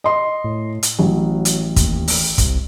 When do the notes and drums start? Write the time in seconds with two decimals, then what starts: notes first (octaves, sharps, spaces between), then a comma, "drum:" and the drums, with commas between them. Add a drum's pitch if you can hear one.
0.04 D#5 C6
0.44 A2
0.83 drum: hi-hat
0.99 A1 F#3
1.45 drum: hi-hat
1.76 D#2, drum: kick, hi-hat
2.08 drum: open hi-hat
2.38 C2, drum: kick, hi-hat